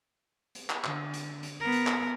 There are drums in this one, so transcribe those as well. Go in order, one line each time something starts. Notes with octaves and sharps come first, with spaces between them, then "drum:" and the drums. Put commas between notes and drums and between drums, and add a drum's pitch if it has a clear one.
drum: hi-hat
drum: clap
D3, drum: clap
drum: hi-hat
drum: hi-hat
B3 A#4
drum: hi-hat
drum: clap